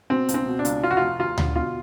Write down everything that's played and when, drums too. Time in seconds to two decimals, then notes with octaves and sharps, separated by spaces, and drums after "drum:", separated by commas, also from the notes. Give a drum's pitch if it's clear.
0.10 B2 C4
0.29 C#2, drum: hi-hat
0.34 C4
0.46 B2
0.59 D4
0.65 C#2, drum: hi-hat
0.83 F1 F4
0.91 F#4
0.97 F1 F4
1.19 D#2 F4
1.38 D3, drum: tom D2
1.55 B2 F4